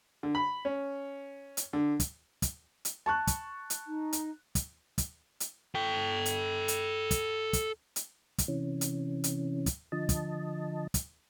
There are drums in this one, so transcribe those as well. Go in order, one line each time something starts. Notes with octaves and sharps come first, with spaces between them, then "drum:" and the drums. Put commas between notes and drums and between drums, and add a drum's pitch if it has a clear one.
D3
B5
C#4
drum: hi-hat
D3
drum: kick, hi-hat
drum: kick, hi-hat
drum: hi-hat
A5 C#6 F#6
drum: kick, hi-hat
drum: hi-hat
D#4
drum: hi-hat
drum: kick, hi-hat
drum: kick, hi-hat
drum: hi-hat
A4 G5
drum: hi-hat
drum: hi-hat
drum: kick, hi-hat
drum: kick, hi-hat
drum: hi-hat
drum: kick, hi-hat
C3 E3 C#4
drum: hi-hat
drum: hi-hat
drum: kick, hi-hat
D3 F3 D#5 A5
drum: kick, hi-hat
drum: kick, hi-hat